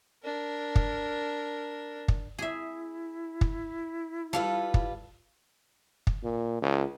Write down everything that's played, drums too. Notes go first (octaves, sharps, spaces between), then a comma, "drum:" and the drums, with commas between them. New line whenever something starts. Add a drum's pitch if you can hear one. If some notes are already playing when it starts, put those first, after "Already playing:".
D4 A#4
drum: kick
drum: kick
E4 G#4 E5
drum: kick
G3 F4 A4 B4 F5
drum: kick
drum: kick
A#2
C#2